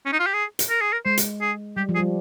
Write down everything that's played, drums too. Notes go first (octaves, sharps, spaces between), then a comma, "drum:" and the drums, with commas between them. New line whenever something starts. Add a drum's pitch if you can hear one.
C#4
D#4
F4
G4
G#4
drum: hi-hat
A#4
G#4
A#4
G#3 C5
drum: hi-hat
G#4
G3 G4
F3
G#4
G3